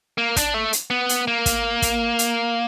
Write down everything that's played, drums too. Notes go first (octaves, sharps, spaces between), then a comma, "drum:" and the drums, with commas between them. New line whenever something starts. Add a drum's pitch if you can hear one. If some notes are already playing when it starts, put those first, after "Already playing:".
A#3
D4, drum: kick, hi-hat
A3
drum: hi-hat
B3
drum: hi-hat
A#3
drum: kick, hi-hat
drum: kick, hi-hat
drum: hi-hat